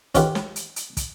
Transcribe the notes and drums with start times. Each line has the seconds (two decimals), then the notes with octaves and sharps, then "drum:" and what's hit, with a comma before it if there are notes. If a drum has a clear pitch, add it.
0.15 C#4 D#4 F4 G4 B4, drum: kick, hi-hat
0.35 drum: snare
0.56 drum: hi-hat
0.76 drum: hi-hat
0.97 drum: kick, hi-hat